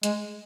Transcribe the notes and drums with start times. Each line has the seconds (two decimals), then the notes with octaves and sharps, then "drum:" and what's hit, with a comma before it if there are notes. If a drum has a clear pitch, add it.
0.03 G#3, drum: hi-hat